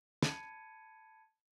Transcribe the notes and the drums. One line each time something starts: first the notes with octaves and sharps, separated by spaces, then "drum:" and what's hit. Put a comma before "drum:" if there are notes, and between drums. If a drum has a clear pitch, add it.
A5 B5 G#6 C#7 D#7, drum: snare